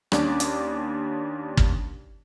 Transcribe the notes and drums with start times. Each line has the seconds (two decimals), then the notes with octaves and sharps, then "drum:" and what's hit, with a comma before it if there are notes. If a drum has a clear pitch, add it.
0.12 D#2 C#4 D4 D5 D6, drum: rim click
0.40 drum: hi-hat
1.57 drum: kick